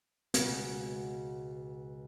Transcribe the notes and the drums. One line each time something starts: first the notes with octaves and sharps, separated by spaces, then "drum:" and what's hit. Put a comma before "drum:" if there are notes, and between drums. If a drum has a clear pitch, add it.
C#2 B2 F#5, drum: hi-hat